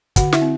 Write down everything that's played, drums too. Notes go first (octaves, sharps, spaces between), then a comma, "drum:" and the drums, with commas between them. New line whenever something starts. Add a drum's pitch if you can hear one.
D3 F#4 F#5, drum: kick, hi-hat
E4 E5, drum: snare
C4